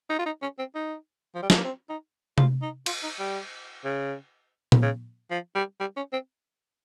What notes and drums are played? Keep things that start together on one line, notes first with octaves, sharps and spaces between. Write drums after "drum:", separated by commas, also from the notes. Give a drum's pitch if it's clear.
D#4
F4
D#4
C#4
C4
D#4
F3
G3
G#3, drum: snare
A#3
C4
D#4
F4, drum: tom C3
D#4
F4, drum: cymbal
D#4
G3
C#3
drum: tom A#2
C#3
F3
G3
G3
C#4
C4